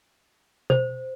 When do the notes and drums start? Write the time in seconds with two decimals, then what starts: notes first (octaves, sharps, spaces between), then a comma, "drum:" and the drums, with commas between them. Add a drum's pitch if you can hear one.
0.70 C5, drum: tom B2